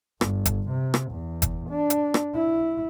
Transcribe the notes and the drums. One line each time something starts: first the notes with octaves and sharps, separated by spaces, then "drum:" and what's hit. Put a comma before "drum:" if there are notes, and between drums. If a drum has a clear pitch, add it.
G1, drum: rim click
drum: kick F#1, hi-hat
C3
drum: rim click
E2
drum: kick F#1, hi-hat
D4
drum: hi-hat
drum: rim click
E4